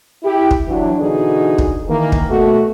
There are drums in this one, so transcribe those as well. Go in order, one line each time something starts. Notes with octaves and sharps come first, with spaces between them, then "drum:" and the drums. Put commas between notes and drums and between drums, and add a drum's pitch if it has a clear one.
E4 G4
drum: kick
E3 F#3 D4
B2 D3 E3 D#4 F#4 G#4
drum: kick
D#3 E3 A#3
drum: kick
B2 A3 F#4